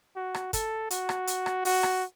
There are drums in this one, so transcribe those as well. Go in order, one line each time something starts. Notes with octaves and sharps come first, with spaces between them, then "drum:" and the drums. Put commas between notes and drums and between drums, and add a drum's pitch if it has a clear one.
F#4
drum: rim click
A4, drum: kick, hi-hat
F#4, drum: hi-hat
drum: rim click
drum: hi-hat
drum: rim click
F#4, drum: open hi-hat
drum: rim click